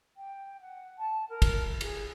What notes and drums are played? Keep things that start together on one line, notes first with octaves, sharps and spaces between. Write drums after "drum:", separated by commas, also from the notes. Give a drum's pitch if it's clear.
G5
F#5
A5
A#4
drum: kick, cymbal
G#4, drum: cymbal